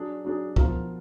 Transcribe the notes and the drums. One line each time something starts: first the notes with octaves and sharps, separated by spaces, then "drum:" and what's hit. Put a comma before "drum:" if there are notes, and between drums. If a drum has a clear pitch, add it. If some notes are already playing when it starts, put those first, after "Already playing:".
Already playing: F#3 D4 G#4
F#3 D4 G#4
F3 B3 F4 A#4, drum: kick